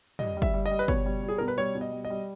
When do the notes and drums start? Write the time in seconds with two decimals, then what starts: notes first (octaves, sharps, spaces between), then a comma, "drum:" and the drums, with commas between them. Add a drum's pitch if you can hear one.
0.19 G3 D#5, drum: tom
0.37 G3
0.42 E5, drum: kick
0.54 G3
0.66 D#5
0.71 G3
0.79 B4
0.88 B2 C#5, drum: kick
1.06 G3
1.23 G3
1.29 G#4
1.38 B2 A#4
1.48 B4
1.58 G3 C#5
1.75 B2
1.81 D#5
1.93 G3
2.05 D#5
2.10 G3